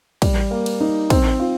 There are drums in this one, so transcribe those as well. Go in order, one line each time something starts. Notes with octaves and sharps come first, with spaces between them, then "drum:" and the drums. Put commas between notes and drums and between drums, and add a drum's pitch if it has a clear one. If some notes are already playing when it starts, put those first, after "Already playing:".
G3, drum: kick, cymbal
A#3
drum: cymbal
D#4
C4, drum: kick, cymbal
F4